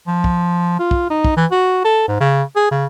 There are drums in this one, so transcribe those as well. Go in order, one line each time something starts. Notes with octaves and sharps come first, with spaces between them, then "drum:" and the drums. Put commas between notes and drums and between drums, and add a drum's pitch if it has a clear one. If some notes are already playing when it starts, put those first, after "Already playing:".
F3
drum: kick
F4
drum: kick
D#4
drum: kick
E3
F#4
A4
G#2
C#3
G#4
C#3